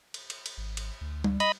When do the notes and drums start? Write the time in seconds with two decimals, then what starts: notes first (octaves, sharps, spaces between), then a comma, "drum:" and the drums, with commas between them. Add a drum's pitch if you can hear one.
0.14 drum: cymbal
0.30 drum: cymbal
0.46 drum: cymbal
0.58 G#1
0.77 drum: cymbal
1.01 D2
1.24 drum: tom G3
1.40 D#5 B5, drum: cymbal